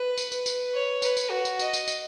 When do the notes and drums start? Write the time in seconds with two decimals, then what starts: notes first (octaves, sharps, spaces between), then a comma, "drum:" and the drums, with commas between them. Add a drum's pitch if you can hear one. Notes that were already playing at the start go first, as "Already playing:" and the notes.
Already playing: B4
0.18 drum: tambourine
0.32 drum: tambourine
0.46 drum: tambourine
0.74 C#5
1.02 B4, drum: tambourine
1.17 drum: tambourine
1.30 F#4
1.45 drum: tambourine
1.59 D#5, drum: tambourine
1.73 drum: tambourine
1.88 drum: tambourine